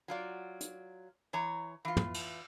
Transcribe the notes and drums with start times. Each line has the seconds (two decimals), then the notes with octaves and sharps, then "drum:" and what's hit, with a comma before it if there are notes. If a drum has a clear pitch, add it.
0.08 F#3 F4 D5
0.61 drum: hi-hat
1.33 E3 C#5 A#5
1.85 E3 F4
1.97 drum: tom
2.14 drum: cymbal